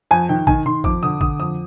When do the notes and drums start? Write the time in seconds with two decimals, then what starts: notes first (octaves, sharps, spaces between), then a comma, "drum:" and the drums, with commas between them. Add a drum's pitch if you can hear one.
0.11 F2 G#5
0.29 D#3 G5
0.47 D#3 G#5, drum: kick A1
0.66 D#3 C6
0.84 F2 D6, drum: kick A1
1.03 D3 D#6
1.21 D3 D#6, drum: kick A1
1.39 F2 D#6